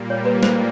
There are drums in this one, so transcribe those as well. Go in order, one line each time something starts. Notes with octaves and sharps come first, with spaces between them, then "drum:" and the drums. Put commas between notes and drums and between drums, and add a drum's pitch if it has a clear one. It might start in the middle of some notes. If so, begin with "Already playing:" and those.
Already playing: A#2 G3 A#3
C#5
B4
C5, drum: snare